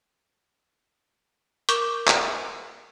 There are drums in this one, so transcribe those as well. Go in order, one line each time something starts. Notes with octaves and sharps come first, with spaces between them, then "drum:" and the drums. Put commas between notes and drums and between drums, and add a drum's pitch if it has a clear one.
A#4 C#6 D6 G6 E7, drum: hi-hat
drum: clap